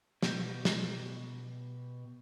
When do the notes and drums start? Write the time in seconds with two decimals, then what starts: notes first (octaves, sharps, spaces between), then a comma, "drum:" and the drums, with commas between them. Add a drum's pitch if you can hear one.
0.22 B2 G4, drum: snare
0.65 drum: snare